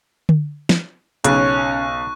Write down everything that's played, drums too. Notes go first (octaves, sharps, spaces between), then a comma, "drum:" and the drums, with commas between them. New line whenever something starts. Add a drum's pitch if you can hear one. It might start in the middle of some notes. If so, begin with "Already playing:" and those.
drum: tom D3
drum: snare
B1 C#3 C#4 C#6 F#6, drum: hi-hat